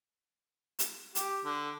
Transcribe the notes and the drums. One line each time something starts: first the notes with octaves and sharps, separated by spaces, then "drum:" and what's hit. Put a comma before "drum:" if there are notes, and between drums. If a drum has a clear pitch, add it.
drum: hi-hat
G4, drum: hi-hat
D3